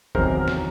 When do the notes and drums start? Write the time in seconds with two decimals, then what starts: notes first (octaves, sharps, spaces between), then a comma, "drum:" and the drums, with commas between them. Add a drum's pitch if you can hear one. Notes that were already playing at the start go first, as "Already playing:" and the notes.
0.15 E2 C3 D#3 F#3 A#4 C5, drum: kick
0.48 drum: snare